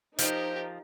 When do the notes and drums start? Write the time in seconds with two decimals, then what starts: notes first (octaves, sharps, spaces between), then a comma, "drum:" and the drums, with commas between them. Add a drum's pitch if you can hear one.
0.19 F3 D#4 G4 A#4 C5, drum: hi-hat